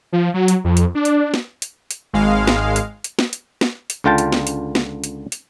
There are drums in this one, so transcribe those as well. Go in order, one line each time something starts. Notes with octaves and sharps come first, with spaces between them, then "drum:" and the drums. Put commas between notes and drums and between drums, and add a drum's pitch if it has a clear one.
F3
F#3
drum: hi-hat
F2
drum: hi-hat
D4
drum: hi-hat
drum: snare
drum: hi-hat
drum: hi-hat
G#1 G#3 F5
drum: snare
drum: hi-hat
drum: hi-hat
drum: snare
drum: hi-hat
drum: snare
drum: hi-hat
C#2 D3 F4 G5 A5
drum: hi-hat
drum: snare
drum: hi-hat
drum: snare
drum: hi-hat
drum: hi-hat